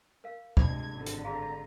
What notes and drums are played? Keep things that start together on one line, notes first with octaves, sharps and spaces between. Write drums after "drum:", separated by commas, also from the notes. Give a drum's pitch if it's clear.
A#4 F5
G2 C3 G#3 F4 D5 B5 G#6, drum: kick
G#1 D3
drum: hi-hat
F#4 G#4 F5 A#5